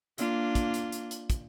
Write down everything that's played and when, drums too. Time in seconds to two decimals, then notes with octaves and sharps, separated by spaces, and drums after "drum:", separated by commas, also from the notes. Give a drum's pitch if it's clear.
0.18 A#3 D4 F4, drum: hi-hat
0.55 drum: kick, hi-hat
0.74 drum: hi-hat
0.92 drum: hi-hat
1.11 drum: hi-hat
1.30 drum: kick, hi-hat